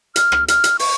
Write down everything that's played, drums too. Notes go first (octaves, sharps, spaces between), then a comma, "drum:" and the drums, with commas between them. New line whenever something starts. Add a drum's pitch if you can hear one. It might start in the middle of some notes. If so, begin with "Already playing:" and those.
F6, drum: hi-hat
drum: rim click
F6, drum: hi-hat
drum: hi-hat
C#6, drum: open hi-hat